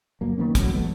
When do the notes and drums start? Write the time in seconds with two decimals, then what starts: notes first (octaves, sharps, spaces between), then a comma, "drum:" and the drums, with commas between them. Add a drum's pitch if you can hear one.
0.21 F#1 F#2 A#3
0.38 D#3 A#3 B3 C#4
0.55 E2 A2 F#3, drum: kick, hi-hat
0.73 E3 G#3 A3 B3